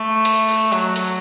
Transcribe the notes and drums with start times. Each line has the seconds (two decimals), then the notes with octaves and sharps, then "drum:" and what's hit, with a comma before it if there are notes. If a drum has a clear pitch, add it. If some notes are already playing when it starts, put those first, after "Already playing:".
Already playing: A3
0.25 drum: hi-hat
0.49 drum: open hi-hat
0.72 F#3, drum: hi-hat
0.96 drum: hi-hat